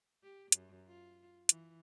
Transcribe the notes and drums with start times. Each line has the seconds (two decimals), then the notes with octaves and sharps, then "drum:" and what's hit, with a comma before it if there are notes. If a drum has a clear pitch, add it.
0.23 G4
0.52 F#2, drum: hi-hat
0.88 F4
1.49 E3, drum: hi-hat